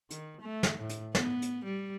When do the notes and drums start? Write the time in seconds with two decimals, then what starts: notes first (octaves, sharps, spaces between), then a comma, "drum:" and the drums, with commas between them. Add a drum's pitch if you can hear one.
0.10 D#3, drum: hi-hat
0.42 A3
0.63 drum: snare
0.80 A2
0.89 drum: hi-hat
1.15 B3, drum: snare
1.42 drum: hi-hat
1.65 G3